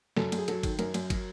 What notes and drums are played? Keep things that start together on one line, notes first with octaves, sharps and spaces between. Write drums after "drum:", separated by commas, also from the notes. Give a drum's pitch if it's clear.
F#2 A4, drum: snare
F#2, drum: cymbal
G#4
F#3 A4, drum: cymbal
D#3, drum: kick, cymbal
F#2 A#4, drum: cymbal
F#2, drum: cymbal
F#3, drum: kick, cymbal